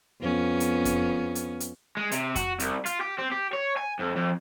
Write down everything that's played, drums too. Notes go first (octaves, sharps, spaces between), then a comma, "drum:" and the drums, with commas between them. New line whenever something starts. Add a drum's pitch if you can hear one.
F2 B3 C#4
drum: hi-hat
drum: kick F2, hi-hat
drum: hi-hat
drum: hi-hat
G#3
C3, drum: hi-hat
F#4, drum: kick F2, hi-hat
C2, drum: hi-hat
F4, drum: hi-hat
G4
C4
G4
C#5
G#5
F2
F2